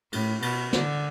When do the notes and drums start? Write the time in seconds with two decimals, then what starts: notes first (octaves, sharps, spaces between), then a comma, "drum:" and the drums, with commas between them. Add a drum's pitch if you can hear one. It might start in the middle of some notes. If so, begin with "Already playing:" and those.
0.12 A2, drum: cymbal
0.42 B2, drum: cymbal
0.73 D3, drum: snare